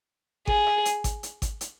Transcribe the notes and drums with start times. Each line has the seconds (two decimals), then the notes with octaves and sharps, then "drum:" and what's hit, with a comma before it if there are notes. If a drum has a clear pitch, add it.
0.47 G#4, drum: kick G#1
0.67 drum: rim click
0.85 drum: hi-hat
1.04 drum: kick G#1, hi-hat
1.23 drum: hi-hat
1.42 drum: kick G#1, hi-hat
1.61 drum: hi-hat